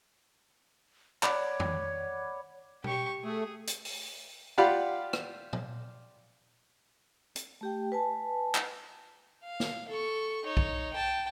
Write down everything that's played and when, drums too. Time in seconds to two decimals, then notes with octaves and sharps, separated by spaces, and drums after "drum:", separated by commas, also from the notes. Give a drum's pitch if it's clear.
1.23 C#5 D5 F#5 B5, drum: clap
1.60 drum: tom F2
2.84 G4 C#6, drum: tom B2
3.24 A3 G#4
3.67 drum: hi-hat
3.85 drum: open hi-hat
4.58 F4 G4 D5 F5 F#5 B5
5.13 drum: rim click
5.53 drum: tom
7.36 drum: hi-hat
7.61 A3 G4 G5
7.92 B4 G#5 A5
8.55 drum: clap
9.44 F5
9.60 drum: snare
9.88 A4 C#6
10.45 D#4 C#5
10.57 drum: kick B1
10.94 G5 A5